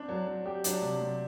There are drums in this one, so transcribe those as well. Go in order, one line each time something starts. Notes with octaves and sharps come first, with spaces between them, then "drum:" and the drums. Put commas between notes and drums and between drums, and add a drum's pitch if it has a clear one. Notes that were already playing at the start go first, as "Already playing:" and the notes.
Already playing: C4 D4
F#3
F#3
G4
F#3 D4, drum: hi-hat
C3
C3